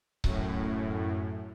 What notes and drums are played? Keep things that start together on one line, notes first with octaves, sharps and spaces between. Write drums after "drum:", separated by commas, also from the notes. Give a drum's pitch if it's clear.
F#2 A2, drum: kick C#1